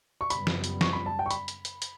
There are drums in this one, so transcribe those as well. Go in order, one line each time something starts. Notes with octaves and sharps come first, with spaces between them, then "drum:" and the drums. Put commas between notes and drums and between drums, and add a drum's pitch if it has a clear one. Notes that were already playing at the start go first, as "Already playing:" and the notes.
C#6
F#2 C#3 G3 B3 B5, drum: hi-hat
drum: snare
drum: hi-hat
C#6, drum: snare
B5
A5
G5
C#6
B5, drum: hi-hat
drum: hi-hat
drum: hi-hat
drum: hi-hat